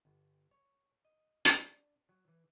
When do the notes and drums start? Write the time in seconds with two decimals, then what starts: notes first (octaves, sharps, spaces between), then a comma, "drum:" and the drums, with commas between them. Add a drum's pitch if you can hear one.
0.05 G1
0.51 C#5
1.05 D#5
1.45 drum: hi-hat
1.54 D4
2.09 F#3
2.28 E3